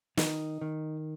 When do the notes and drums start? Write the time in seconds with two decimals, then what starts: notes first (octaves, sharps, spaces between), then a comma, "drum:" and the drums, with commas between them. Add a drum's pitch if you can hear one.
0.17 D#3 D#4, drum: snare
0.61 D#3